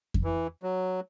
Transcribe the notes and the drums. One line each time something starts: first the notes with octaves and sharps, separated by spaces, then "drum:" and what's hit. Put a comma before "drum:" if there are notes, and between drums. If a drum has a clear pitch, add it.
drum: kick F2
E3
F#3